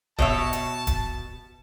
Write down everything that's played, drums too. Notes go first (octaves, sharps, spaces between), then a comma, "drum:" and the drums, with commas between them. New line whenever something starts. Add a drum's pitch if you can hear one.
B2 C#5 E5 A5, drum: kick
drum: hi-hat
drum: kick, hi-hat